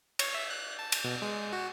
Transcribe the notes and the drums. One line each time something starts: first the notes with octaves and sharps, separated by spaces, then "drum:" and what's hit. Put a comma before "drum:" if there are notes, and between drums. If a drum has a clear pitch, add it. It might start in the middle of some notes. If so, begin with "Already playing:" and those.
C#5, drum: cymbal
E5
F#6
A5
drum: cymbal
B2
G#3
F#4